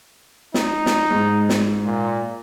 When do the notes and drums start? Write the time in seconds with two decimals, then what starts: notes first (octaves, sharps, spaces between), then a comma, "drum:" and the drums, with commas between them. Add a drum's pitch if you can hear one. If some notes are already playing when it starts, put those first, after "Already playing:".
0.54 D#4, drum: snare
0.86 drum: snare
1.10 G#2
1.49 drum: snare
1.85 A#2